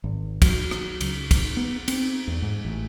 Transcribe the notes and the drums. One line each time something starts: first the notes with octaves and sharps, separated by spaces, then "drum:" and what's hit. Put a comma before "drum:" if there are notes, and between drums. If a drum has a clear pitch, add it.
G#1
F#3, drum: kick, cymbal
drum: rim click
C#2, drum: cymbal
drum: kick, cymbal
B3
C4, drum: cymbal
E2
G#2
A1